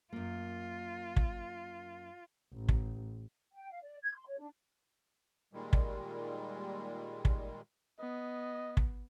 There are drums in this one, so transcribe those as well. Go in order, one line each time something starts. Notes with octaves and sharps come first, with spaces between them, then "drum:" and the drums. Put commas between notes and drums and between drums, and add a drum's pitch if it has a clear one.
F#2 A#3 F4
drum: kick
A1
drum: kick
G5
F5
D5
G#6
C6
C#5
D4
A#2 D#3 G3 G#3
drum: kick
drum: kick
B3 D#5
drum: kick